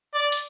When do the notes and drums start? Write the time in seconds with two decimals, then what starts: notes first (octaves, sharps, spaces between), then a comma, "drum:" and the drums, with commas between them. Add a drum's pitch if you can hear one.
0.14 D5
0.32 drum: hi-hat